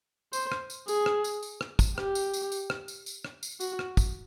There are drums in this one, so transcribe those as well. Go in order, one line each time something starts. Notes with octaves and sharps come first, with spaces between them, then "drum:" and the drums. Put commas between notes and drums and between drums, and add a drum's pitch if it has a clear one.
C5, drum: tambourine
drum: rim click
drum: tambourine
G#4, drum: tambourine
drum: rim click
drum: tambourine
drum: tambourine
drum: rim click
drum: kick, tambourine
G4, drum: rim click
drum: tambourine
drum: tambourine
drum: tambourine
drum: rim click
drum: tambourine
drum: tambourine
drum: rim click
drum: tambourine
F#4, drum: tambourine
drum: rim click
drum: kick, tambourine